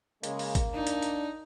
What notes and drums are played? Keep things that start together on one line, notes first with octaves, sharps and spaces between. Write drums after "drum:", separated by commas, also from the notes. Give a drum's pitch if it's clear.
C#3 G#3 A#3, drum: hi-hat
drum: open hi-hat
drum: kick G#1, hi-hat
D4 D#4
drum: hi-hat
drum: hi-hat